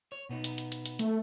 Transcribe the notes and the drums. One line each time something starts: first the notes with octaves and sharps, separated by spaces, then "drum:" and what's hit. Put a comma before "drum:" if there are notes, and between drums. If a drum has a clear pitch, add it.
C#5
B2 B3 D#4
drum: hi-hat
drum: hi-hat
drum: hi-hat
drum: hi-hat
A3, drum: hi-hat